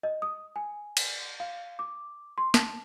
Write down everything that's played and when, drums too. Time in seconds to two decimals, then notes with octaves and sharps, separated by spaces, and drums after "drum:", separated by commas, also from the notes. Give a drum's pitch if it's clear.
0.03 D#5
0.22 D#6
0.56 G#5
0.97 drum: cymbal
1.40 F5
1.79 D6
2.38 C6
2.54 A5, drum: snare